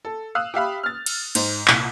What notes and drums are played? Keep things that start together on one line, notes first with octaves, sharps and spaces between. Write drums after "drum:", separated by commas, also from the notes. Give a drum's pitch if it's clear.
A4
F5 D#6 E6 F#6
G4 E5 F5 B5
F6 A6
drum: cymbal
G#2 C5, drum: cymbal
C2 A#2, drum: clap